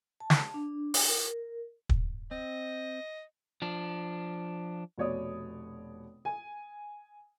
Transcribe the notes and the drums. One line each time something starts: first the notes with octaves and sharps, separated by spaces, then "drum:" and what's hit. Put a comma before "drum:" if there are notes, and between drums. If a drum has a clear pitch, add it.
A5
drum: snare
D4
drum: open hi-hat
A#4
drum: kick
C4 D#5
F3 D4
F1 B2 C#5 D5 D#6
G#5